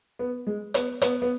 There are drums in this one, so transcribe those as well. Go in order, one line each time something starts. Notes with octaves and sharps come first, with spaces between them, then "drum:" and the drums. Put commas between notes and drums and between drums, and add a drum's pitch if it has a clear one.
B3
G#3
B3, drum: hi-hat
B3, drum: hi-hat
B3